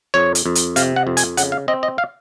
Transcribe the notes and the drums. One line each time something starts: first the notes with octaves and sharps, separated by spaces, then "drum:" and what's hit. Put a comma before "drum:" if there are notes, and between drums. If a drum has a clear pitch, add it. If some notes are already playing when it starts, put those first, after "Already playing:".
F2 C#5
drum: hi-hat
F2
drum: hi-hat
C3 F5, drum: hi-hat
F#5
F2
G#5, drum: hi-hat
C#3 F#5, drum: hi-hat
F5
C4 D#5
D#5
F5